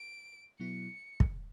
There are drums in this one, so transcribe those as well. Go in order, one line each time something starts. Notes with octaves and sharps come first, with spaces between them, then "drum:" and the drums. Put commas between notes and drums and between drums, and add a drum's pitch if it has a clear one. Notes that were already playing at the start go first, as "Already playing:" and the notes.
Already playing: D7
B2 F#3 B3 E4 C#7
drum: kick